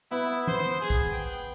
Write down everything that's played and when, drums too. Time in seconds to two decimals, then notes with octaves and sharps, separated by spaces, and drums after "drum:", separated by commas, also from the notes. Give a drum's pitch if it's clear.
0.11 B3 E4
0.47 C5, drum: tom
0.81 G#4
0.90 drum: kick B1, tambourine
1.13 G5
1.33 drum: tambourine